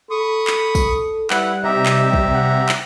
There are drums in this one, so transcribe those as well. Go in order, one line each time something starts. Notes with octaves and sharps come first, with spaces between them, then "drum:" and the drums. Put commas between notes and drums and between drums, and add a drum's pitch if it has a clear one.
A4 B5 C#6 D#6
drum: clap
drum: kick, tambourine
G3 E4 B4 F#5, drum: clap
C3 D#4 G4 E5 A#5
drum: clap
drum: kick
F#5
drum: clap